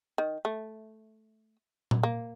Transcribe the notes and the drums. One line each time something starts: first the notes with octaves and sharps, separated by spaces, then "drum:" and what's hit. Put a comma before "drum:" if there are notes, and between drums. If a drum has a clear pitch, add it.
D#3
A3
drum: tom A#2
A#3